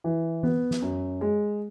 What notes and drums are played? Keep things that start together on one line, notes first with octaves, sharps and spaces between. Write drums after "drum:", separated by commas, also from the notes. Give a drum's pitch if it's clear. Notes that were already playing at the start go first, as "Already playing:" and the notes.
E3
B3, drum: tom E3
drum: snare
F#2
G#3